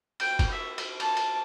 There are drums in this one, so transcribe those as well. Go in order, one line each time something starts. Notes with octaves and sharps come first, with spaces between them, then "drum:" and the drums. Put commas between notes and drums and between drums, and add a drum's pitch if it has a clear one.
G5, drum: cymbal
drum: kick F#1, cymbal
E5
drum: cymbal
A5, drum: cymbal
drum: cymbal